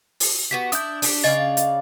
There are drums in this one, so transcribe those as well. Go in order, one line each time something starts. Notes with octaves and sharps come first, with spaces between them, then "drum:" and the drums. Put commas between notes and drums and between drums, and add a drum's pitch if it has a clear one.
drum: open hi-hat
B3 F#4 G4 B6
D4 E4 D#6 G6, drum: hi-hat
D4 G4, drum: open hi-hat
C#3 D5 D#5 F5 A6
drum: hi-hat